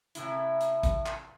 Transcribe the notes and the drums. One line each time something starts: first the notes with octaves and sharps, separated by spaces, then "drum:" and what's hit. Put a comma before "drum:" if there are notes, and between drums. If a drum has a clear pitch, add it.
A2 C3 E4, drum: hi-hat
drum: hi-hat
drum: kick A1, hi-hat
drum: clap